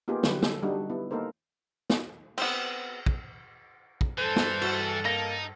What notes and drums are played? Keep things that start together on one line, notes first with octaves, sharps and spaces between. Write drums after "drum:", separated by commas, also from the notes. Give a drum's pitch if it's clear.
A#3 B3 D#4 F4 G4 G#4
D3 F#3 G3 B4, drum: snare
A4, drum: snare
G3 D4 D#4 F#4
B3 E4
A#3 D#4 A4 A#4 C5
drum: snare
B3 C4, drum: cymbal
drum: kick
drum: kick
G2 E3 A4 C5
drum: snare
F#4, drum: cymbal
A#3 D#4 A#6